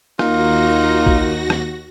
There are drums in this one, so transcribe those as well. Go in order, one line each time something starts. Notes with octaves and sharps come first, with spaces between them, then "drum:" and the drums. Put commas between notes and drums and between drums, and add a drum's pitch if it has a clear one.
D#2 A#3 D#4 F4 F#4 A#6, drum: rim click
drum: kick
drum: rim click